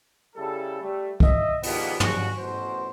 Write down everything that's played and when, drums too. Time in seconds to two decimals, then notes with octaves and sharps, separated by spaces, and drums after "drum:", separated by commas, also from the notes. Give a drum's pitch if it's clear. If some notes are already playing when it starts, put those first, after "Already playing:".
0.36 C#3 G3 E4 A4
0.82 G3 A3
1.20 D#5 E5, drum: kick C2
1.63 D#3 F3 G3 G#3 A#3 B3, drum: open hi-hat
2.00 G2 B2 C#4 F#4, drum: tom
2.37 A1 B2 F#4 C5